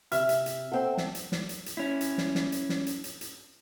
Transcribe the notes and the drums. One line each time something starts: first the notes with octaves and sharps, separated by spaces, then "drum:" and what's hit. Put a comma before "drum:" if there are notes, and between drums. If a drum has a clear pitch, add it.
C3 E5 F6, drum: hi-hat
drum: hi-hat
drum: hi-hat
C4 A4 F#5 G5
drum: snare
drum: hi-hat
drum: snare
drum: hi-hat
drum: hi-hat
C#4 E4
drum: hi-hat
drum: snare
drum: snare
drum: hi-hat
drum: snare
drum: hi-hat
drum: hi-hat
drum: hi-hat